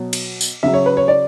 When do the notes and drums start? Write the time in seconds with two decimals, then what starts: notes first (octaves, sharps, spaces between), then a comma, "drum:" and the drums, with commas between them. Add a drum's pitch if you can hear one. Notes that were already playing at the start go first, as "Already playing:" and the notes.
Already playing: B2 F#3
0.13 drum: cymbal
0.41 drum: tambourine
0.63 C#3 F#3 E5
0.74 C#5
0.86 B4
0.97 C#5
1.08 D5